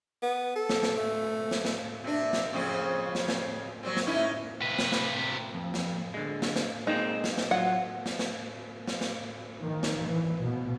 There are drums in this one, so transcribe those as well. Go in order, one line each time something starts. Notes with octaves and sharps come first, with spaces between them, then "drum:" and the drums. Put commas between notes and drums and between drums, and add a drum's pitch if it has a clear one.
B3
A4
drum: snare
drum: snare
A3
drum: snare
drum: snare
C3 D4
drum: snare
F2 C#3 C4
drum: snare
drum: snare
F#3 G3 C4
drum: snare
C#4 D#4 E4
C3 B4
drum: snare
drum: snare
F2
drum: snare
D3 G#3
drum: snare
drum: snare
G#3 A#3 C4 D#4
drum: snare
drum: snare
F#3 F4 F#5
drum: snare
drum: snare
drum: snare
drum: snare
D#3
drum: snare
E3
B2